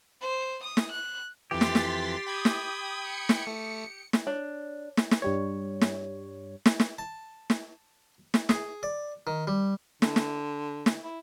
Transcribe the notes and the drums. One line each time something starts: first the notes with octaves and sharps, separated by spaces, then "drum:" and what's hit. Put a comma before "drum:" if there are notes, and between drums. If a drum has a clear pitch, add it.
C5
D#6
drum: snare
F#6
F2 E3 G4 C6 A6 B6
drum: snare
drum: snare
G5 B5 D#6 G#6
drum: snare
C#7
drum: snare
A3
drum: snare
D4 C#5
drum: snare
drum: snare
G2 G3 C#5
drum: snare
drum: snare
drum: snare
A5
drum: snare
drum: snare
G#4, drum: snare
D5
D#3
G3
D3, drum: snare
drum: snare
drum: snare
E4